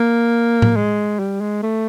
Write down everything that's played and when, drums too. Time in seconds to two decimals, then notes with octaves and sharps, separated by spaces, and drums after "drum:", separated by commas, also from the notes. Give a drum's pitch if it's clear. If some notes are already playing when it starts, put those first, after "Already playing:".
Already playing: A#3
0.62 drum: tom A2
0.76 G#3
1.19 G3
1.41 G#3
1.63 A3